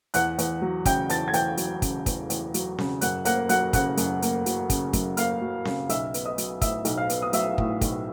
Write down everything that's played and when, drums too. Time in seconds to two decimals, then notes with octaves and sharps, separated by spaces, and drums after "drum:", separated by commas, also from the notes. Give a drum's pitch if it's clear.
0.14 E2 F#5 F#6, drum: hi-hat
0.38 E2, drum: hi-hat
0.62 F#3
0.85 C#3 G5 G6, drum: kick, hi-hat
1.09 E2 A5 A6, drum: hi-hat
1.28 G#6
1.33 E2 G5 G6, drum: hi-hat
1.57 F#3, drum: hi-hat
1.82 C#3, drum: kick, hi-hat
2.06 E2, drum: kick, hi-hat
2.30 E2, drum: hi-hat
2.54 F#3, drum: hi-hat
2.78 C#3, drum: snare C4
3.01 F#2 F#5 F#6, drum: hi-hat
3.25 A#3 F#5 F#6, drum: hi-hat
3.49 F#3 F#5 F#6, drum: hi-hat
3.73 C#3 F#5 F#6, drum: kick, hi-hat
3.97 F#2, drum: hi-hat
4.22 A#3, drum: hi-hat
4.46 F#3, drum: hi-hat
4.70 C#3, drum: kick, hi-hat
4.93 F#2, drum: kick, hi-hat
5.17 A#3 F5 F6, drum: hi-hat
5.41 F#3
5.65 C#3, drum: snare C4
5.89 B1 E5 E6, drum: hi-hat
6.14 B3, drum: hi-hat
6.25 D#5 D#6
6.38 F#3, drum: hi-hat
6.61 A2 E5 E6, drum: kick, hi-hat
6.85 B1, drum: hi-hat
6.97 F5 F6
7.10 B3, drum: hi-hat
7.22 D#6
7.33 F#3 E5 E6, drum: hi-hat
7.58 A2, drum: kick
7.81 B1, drum: kick, hi-hat